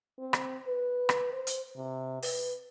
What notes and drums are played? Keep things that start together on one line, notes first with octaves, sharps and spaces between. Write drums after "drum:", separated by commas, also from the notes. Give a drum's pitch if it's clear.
C4
drum: rim click
B4
drum: rim click
C5
drum: hi-hat
C3
B4, drum: open hi-hat